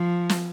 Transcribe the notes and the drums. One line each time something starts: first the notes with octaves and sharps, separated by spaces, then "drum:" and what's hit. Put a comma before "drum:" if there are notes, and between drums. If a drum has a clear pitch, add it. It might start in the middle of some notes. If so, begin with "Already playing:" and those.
Already playing: F3
drum: snare